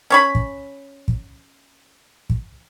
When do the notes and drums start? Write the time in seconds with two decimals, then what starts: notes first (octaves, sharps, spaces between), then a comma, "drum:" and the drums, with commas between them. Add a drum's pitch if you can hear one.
0.10 C#4 C#5 B5
0.35 drum: kick
1.08 drum: kick
2.30 drum: kick